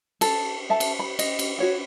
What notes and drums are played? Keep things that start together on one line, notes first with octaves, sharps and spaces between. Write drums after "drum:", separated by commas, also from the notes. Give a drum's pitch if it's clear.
A4, drum: cymbal
A4 E5 A5
drum: cymbal
B5
D#5, drum: cymbal
drum: cymbal
F#4 C#5 F#5